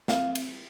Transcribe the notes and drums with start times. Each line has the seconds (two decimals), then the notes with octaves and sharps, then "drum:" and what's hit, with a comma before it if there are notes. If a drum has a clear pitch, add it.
0.08 C4 F5, drum: snare
0.35 drum: cymbal